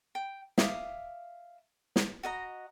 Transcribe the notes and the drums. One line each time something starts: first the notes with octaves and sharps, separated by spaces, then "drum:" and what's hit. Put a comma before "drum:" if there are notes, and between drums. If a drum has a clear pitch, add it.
G5
E5 F5 D6 D#6, drum: snare
drum: snare
F#4 D#5 A#5